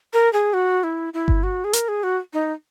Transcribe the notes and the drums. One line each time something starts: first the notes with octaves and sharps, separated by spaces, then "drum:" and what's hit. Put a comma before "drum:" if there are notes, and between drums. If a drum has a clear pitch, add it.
A#4
G#4
F#4
E4
E4
drum: kick G1
F#4
G#4
A#4, drum: hi-hat
G#4
F#4
D#4